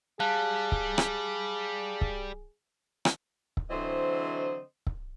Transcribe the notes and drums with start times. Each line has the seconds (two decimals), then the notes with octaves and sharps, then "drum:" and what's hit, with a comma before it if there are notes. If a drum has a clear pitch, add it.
0.20 G3 G#4 F5 A5 F#6
0.72 drum: kick C#1
0.98 drum: rim click
2.01 drum: kick C#1
3.05 drum: rim click
3.57 drum: kick C#1
3.71 D3 E3 F#3 C4 C5 D#5
4.87 drum: kick C#1